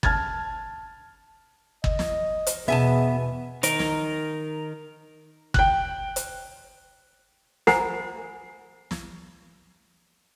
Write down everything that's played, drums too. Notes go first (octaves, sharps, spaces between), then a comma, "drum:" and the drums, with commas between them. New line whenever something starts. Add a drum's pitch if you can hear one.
A5 F6 G#6 A6, drum: kick G1
D#5, drum: kick G1
drum: snare
drum: hi-hat
E2 B2 B3 G#4 E5 G#5 A5
D#3 D#4 A#4, drum: hi-hat
drum: snare
G5 F#6, drum: kick G1
drum: hi-hat
C5 F#5 G#5 A#5 B5, drum: snare
drum: snare